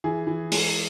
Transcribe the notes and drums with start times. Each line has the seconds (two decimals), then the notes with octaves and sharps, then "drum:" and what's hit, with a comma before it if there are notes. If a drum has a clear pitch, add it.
0.04 E3 G#4
0.27 E3
0.52 G#3, drum: open hi-hat